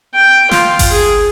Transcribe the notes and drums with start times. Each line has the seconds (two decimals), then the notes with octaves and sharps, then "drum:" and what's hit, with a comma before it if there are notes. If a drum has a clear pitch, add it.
0.15 G5
0.51 F4, drum: snare
0.79 drum: kick G1, open hi-hat
0.91 G#4